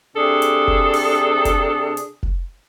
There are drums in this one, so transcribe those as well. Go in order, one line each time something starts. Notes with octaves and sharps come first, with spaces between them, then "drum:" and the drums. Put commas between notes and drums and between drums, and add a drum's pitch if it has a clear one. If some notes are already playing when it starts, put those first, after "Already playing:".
C3 D4 G#4 A4
drum: hi-hat
drum: kick F1
drum: open hi-hat
drum: kick F1, hi-hat
drum: hi-hat
drum: kick F1